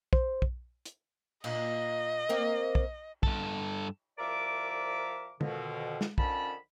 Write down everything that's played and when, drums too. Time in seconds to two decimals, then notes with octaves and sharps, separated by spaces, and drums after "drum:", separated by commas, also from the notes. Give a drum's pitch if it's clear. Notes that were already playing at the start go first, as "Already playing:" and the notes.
0.13 C5, drum: kick
0.42 drum: kick
0.86 drum: hi-hat
1.44 A#2 D#5, drum: cymbal
2.29 A#3 C4 A#4
2.75 drum: kick
3.23 G2 A4, drum: kick
4.19 C2 F3 A#4 D5 E5 D6
5.41 F2 B2 D3 D#3, drum: tom
6.01 drum: snare
6.18 D3 D#3 F3 C#4 A5 B5, drum: kick